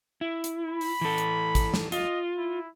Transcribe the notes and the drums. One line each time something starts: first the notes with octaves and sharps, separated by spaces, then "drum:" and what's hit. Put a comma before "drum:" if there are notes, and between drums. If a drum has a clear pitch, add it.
E4
drum: hi-hat
B5
drum: open hi-hat
E3 A4
drum: hi-hat
drum: kick, hi-hat
drum: snare
F4 D#5, drum: hi-hat
E4